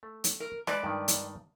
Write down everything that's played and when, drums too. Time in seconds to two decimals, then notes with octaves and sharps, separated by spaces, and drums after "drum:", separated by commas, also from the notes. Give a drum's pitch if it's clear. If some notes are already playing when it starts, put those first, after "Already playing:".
0.03 A3
0.24 drum: hi-hat
0.40 A#4
0.67 G#3 B4 D5, drum: rim click
0.83 G2 D#3
1.08 drum: hi-hat